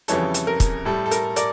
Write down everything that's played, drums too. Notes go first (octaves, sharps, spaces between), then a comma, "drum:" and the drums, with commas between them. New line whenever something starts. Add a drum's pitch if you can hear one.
F2 C#3 E3 G3 A4 C#5, drum: hi-hat
drum: hi-hat
A#4
drum: kick, hi-hat
A2 G3 A4
A4
A#4, drum: hi-hat
A#4 D5, drum: hi-hat